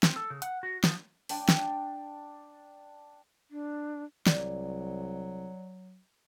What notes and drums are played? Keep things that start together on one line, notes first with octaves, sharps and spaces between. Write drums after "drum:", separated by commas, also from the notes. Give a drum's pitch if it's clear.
C4, drum: snare
A4
C#3
F#5, drum: hi-hat
F#4
F3, drum: snare
D4 G5, drum: open hi-hat
drum: snare
D4
C2 F#3 D5, drum: snare